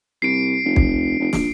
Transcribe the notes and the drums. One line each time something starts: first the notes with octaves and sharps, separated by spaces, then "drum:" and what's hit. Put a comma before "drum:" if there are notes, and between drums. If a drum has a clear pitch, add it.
C2 C7 D7
F1
drum: kick B1
F1
A#1, drum: snare